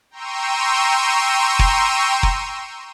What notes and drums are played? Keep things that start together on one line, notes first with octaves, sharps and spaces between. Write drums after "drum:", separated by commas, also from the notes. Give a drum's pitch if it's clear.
G5 A#5 C6 C#6 E6 D#7
drum: kick
drum: kick